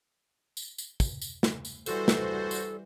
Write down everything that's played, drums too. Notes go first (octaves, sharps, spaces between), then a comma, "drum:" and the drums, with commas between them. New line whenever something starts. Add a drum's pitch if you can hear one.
drum: tambourine
drum: tambourine
drum: kick, tambourine
drum: tambourine
drum: snare
drum: tambourine
E3 G3 F#4 A4 C5, drum: tambourine
drum: snare
drum: tambourine